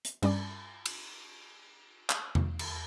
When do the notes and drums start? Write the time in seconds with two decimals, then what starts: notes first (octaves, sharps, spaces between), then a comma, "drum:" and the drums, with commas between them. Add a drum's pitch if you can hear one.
0.05 drum: hi-hat
0.22 G2 G3 C#4 D5 D6, drum: cymbal
0.86 drum: cymbal
2.10 drum: clap
2.35 drum: tom E2
2.59 drum: cymbal